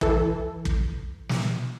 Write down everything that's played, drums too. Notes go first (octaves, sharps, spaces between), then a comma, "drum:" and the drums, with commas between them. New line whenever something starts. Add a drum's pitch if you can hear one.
E3 A4, drum: kick
drum: kick
drum: snare